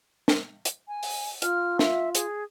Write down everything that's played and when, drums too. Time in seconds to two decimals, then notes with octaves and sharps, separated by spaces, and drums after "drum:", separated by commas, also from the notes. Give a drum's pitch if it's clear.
0.28 drum: snare
0.65 drum: hi-hat
0.87 G#5
1.03 drum: open hi-hat
1.42 F4 F6, drum: hi-hat
1.79 E5, drum: snare
2.15 G#4, drum: hi-hat